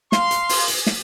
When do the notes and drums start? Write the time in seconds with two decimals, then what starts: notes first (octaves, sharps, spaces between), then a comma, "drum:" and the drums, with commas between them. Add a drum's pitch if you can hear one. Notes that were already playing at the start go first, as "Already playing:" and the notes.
0.12 F5 C6, drum: snare
0.31 drum: hi-hat
0.49 drum: open hi-hat
0.68 drum: hi-hat
0.86 drum: snare